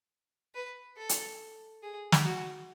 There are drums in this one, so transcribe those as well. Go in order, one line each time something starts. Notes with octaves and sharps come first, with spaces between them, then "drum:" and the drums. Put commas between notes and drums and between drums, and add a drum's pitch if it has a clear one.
B4
A4
drum: hi-hat
G#4
drum: snare
F#4